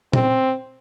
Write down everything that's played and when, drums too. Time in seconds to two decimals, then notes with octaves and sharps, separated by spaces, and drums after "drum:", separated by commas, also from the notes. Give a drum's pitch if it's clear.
0.13 C4, drum: tom A#2